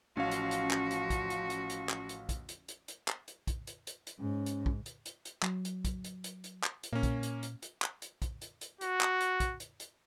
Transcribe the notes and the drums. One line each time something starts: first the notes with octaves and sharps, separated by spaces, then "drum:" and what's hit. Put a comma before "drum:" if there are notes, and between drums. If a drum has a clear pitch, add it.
A1 F3 C#4 F#4 F5
drum: hi-hat
drum: hi-hat
drum: clap
drum: hi-hat
drum: kick, hi-hat
drum: hi-hat
drum: hi-hat
drum: hi-hat
drum: clap
drum: hi-hat
drum: kick, hi-hat
drum: hi-hat
drum: hi-hat
drum: hi-hat
drum: clap
drum: hi-hat
drum: kick, hi-hat
drum: hi-hat
drum: hi-hat
drum: hi-hat
G#2 C#4
drum: hi-hat
drum: kick
drum: hi-hat
drum: hi-hat
drum: hi-hat
F#3, drum: clap
drum: hi-hat
drum: kick, hi-hat
drum: hi-hat
drum: hi-hat
drum: hi-hat
drum: clap
drum: hi-hat
A#2 A#3 C#4
drum: kick, hi-hat
drum: hi-hat
drum: hi-hat
drum: hi-hat
drum: clap
drum: hi-hat
drum: kick, hi-hat
drum: hi-hat
drum: hi-hat
F#4, drum: hi-hat
drum: clap
drum: hi-hat
drum: kick, hi-hat
drum: hi-hat
drum: hi-hat